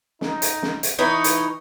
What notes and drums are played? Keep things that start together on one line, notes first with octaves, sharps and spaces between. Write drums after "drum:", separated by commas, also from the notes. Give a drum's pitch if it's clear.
D#4, drum: snare
drum: hi-hat
drum: snare
drum: hi-hat
E3 D#4 C#6
drum: hi-hat